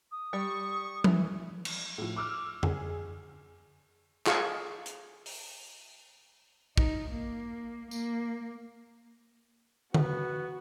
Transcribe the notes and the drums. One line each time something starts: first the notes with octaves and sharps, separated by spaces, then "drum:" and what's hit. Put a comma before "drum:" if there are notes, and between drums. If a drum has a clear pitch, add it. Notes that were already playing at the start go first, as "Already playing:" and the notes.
D#6
G3 C#6
E3, drum: tom F3
drum: cymbal
A2 F3
D6 E6 F6
G#4, drum: tom F2
F4 G#4 F5 C#6, drum: clap
drum: hi-hat
drum: open hi-hat
D#4, drum: kick
A#3
A#3, drum: tambourine
B3 F#4, drum: tom D3